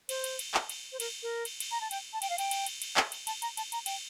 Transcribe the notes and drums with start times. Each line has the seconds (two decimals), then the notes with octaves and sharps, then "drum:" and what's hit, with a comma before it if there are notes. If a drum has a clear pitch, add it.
0.09 C5, drum: cymbal
0.24 drum: cymbal
0.39 drum: cymbal
0.54 drum: clap
0.69 drum: cymbal
0.92 C5
1.00 A#4, drum: cymbal
1.23 A#4
1.45 drum: cymbal
1.60 drum: cymbal
1.71 A#5
1.81 A5
1.91 G5, drum: cymbal
2.13 A5
2.22 G5, drum: cymbal
2.30 F5
2.38 G5, drum: cymbal
2.51 drum: cymbal
2.66 drum: cymbal
2.82 drum: cymbal
2.97 drum: clap
3.12 drum: cymbal
3.27 A5, drum: cymbal
3.42 A#5, drum: cymbal
3.57 A5, drum: cymbal
3.72 A#5, drum: cymbal
3.86 G5, drum: cymbal